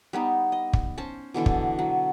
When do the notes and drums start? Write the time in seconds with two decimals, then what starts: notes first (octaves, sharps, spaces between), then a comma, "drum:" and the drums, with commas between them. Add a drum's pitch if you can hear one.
0.13 G3 B3 D#4
0.52 D#5
0.73 drum: kick
0.98 C#4 C5 A5
1.34 B2 D3 E3 A4
1.46 drum: kick
1.79 F#3